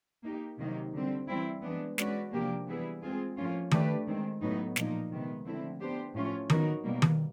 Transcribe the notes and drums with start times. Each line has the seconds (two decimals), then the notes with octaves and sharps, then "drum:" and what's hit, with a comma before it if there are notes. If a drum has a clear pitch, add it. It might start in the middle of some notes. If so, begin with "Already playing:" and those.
0.23 A#3 D#4 G4
0.58 C3 D#3 F#3 A#3 D#4
0.93 D3 G3 C4
1.28 E3 G3 C4 E4
1.63 E3 G#3 B3 D4
1.98 G#3 C#4 F#4 B4 D5, drum: snare
2.33 C3 F3 A#3 D4 G4
2.67 E3 G3 B3 E4 G#4
3.02 G#3 C4 F4 G#4
3.37 A2 F3 A#3 C#4 F4
3.71 A3 D4 G4 B4 D5, drum: tom D#3
4.06 D#3 G#3 C4
4.41 A2 F#3 B3 D#4
4.76 A#2 F3 A#3 D#4, drum: snare
5.11 C3 D#3 G#3 B3
5.45 D3 F3 A3 C4 E4
5.80 B3 D4 G4 C5
6.15 A2 F3 A3 C#4 F4
6.50 F#3 B3 D#4 F#4 A#4, drum: tom D#3
6.84 B2 G3 A#3
7.02 drum: tom D#3